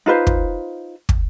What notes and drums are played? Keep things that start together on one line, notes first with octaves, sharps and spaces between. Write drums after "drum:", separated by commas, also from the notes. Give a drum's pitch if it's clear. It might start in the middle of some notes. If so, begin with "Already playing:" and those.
D#4 F4 B4 C5
drum: kick
drum: kick